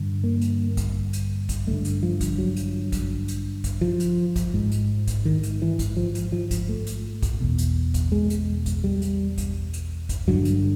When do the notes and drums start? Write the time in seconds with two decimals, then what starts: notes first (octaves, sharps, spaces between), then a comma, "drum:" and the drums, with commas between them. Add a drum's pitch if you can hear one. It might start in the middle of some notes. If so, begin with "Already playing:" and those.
Already playing: G2 D3
0.24 A#3
0.41 drum: hi-hat
0.77 drum: kick A1, hi-hat
1.13 drum: hi-hat
1.49 drum: kick A1, hi-hat
1.67 G2 D3 A3
1.85 drum: hi-hat
2.03 F3
2.21 drum: kick A1, hi-hat
2.38 F#3
2.57 drum: hi-hat
2.92 drum: kick A1, hi-hat
3.28 drum: hi-hat
3.64 drum: kick A1, hi-hat
3.81 F3
4.00 drum: hi-hat
4.36 drum: kick A1, hi-hat
4.54 G#2
4.72 drum: hi-hat
5.07 drum: kick A1, hi-hat
5.25 D#3
5.43 drum: hi-hat
5.62 E3
5.79 drum: kick A1, hi-hat
5.97 F3
6.15 drum: hi-hat
6.32 F3
6.51 drum: kick A1, hi-hat
6.69 A3
6.87 drum: hi-hat
7.23 drum: kick A1, hi-hat
7.41 E2 B2
7.58 drum: hi-hat
7.94 drum: kick A1, hi-hat
8.12 G#3
8.30 drum: hi-hat
8.66 drum: kick A1, hi-hat
8.84 G3
9.02 drum: hi-hat
9.38 drum: kick A1, hi-hat
9.73 drum: hi-hat
10.09 drum: kick A1, hi-hat
10.28 G2 D3 F#3
10.45 drum: hi-hat